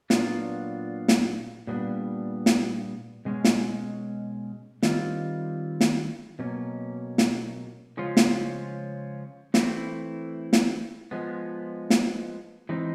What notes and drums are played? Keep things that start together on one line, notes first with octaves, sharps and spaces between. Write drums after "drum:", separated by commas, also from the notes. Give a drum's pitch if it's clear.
A#2 F#3 B3 D4 F4, drum: snare
drum: snare
A#2 G3 B3 D4
drum: snare
B2 G#3 C#4
drum: snare
D#3 G3 C4 F4, drum: snare
drum: snare
B2 F#3 A#3 C#4
drum: snare
C#3 F3 G#3 C#4 F4
drum: snare
E3 A3 C4 E4, drum: snare
drum: snare
F3 G#3 B3
drum: snare
E3 G#3 C4 D#4